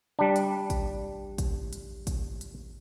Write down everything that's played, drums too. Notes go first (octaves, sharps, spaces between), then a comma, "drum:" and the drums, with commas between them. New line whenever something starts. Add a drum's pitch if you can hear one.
G3 D4
drum: hi-hat
drum: kick A1, hi-hat
drum: kick A1, hi-hat
drum: hi-hat
drum: kick A1, hi-hat
drum: hi-hat